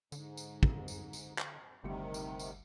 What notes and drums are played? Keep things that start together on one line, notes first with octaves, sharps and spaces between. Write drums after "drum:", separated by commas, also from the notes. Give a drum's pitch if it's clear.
G#2 D3, drum: tambourine
drum: tambourine
drum: kick
drum: tambourine
drum: tambourine
drum: clap
G1 D2 C3 D#3 G3 C#7
drum: tambourine
drum: tambourine